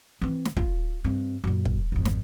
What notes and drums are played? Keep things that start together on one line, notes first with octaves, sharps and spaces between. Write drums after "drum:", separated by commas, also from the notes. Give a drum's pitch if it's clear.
E3 C4
drum: snare
F4, drum: kick
G2 C4
F#2 A#2
drum: kick
G#1 F2
drum: snare